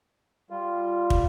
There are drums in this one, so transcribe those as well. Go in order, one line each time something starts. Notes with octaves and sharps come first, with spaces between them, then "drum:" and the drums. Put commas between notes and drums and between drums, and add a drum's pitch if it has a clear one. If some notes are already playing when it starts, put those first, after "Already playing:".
G3 F4
drum: kick